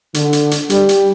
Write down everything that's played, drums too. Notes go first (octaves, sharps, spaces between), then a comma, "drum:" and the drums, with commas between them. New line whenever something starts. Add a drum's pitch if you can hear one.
D3, drum: hi-hat
drum: hi-hat
drum: hi-hat
G3, drum: hi-hat
drum: hi-hat